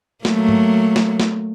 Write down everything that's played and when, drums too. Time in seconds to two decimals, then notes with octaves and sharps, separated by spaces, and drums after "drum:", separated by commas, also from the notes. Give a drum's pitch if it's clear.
0.25 F#3 A3 A#3, drum: snare
0.49 drum: tom G#2
0.96 drum: snare
1.20 drum: snare